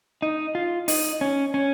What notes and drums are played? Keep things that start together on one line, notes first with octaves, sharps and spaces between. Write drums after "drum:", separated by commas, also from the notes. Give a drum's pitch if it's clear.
D#4
F4
D#4, drum: open hi-hat
C#4
C#4